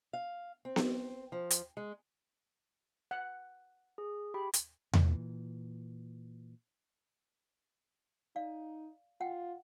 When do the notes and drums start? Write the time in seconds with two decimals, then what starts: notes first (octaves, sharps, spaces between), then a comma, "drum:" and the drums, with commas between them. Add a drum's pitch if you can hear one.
0.13 F5
0.65 C4
0.76 drum: snare B3
1.32 F3
1.51 drum: hi-hat
1.77 G#3
3.11 F#5
3.98 G#4
4.34 G4 G5 B5
4.54 drum: hi-hat
4.93 A#2 E3, drum: tom E2
8.36 D#4 D5 F5
9.21 F4 F#5 G5